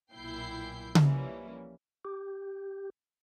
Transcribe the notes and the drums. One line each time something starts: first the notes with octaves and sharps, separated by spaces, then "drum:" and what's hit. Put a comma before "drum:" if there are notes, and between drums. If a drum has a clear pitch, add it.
B1 A#2 E4 G5 G6 C7
E3 F3 G3 A#3 C#4 E4, drum: tom C#3
G4